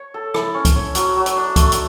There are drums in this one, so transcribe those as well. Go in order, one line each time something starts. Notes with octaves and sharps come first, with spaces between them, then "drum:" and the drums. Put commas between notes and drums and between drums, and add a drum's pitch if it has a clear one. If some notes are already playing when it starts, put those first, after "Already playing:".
Already playing: C#5
A4
E4, drum: rim click
C#4
drum: kick C2, hi-hat
C#5
F#3, drum: hi-hat
F#3
drum: hi-hat
D4
A3, drum: kick C2, hi-hat
drum: hi-hat